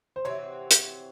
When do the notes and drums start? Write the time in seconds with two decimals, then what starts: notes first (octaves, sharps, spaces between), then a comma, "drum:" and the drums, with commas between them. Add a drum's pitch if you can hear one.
0.16 C5
0.25 C3 E3 C4 F#4 C#5
0.71 drum: hi-hat